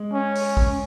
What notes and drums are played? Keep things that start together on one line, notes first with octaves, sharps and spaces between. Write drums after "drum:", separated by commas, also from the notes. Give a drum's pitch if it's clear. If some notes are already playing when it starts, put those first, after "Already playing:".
Already playing: G#3
C#4
drum: open hi-hat
drum: kick